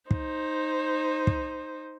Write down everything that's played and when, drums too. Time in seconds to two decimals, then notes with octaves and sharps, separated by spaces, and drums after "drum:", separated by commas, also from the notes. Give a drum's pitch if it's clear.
0.11 D#4 C5, drum: kick
1.27 drum: kick